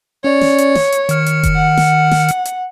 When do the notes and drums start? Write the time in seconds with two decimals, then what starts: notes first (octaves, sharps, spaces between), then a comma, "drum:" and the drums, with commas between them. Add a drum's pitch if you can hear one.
0.24 C#4 C#5 D5
0.41 drum: snare
0.58 drum: hi-hat
0.75 drum: snare
0.92 drum: hi-hat
1.09 D#3 F6 C#7, drum: hi-hat
1.26 drum: hi-hat
1.43 drum: kick F#1, hi-hat
1.56 F#5
1.77 drum: snare
2.11 drum: snare
2.28 drum: hi-hat
2.45 drum: hi-hat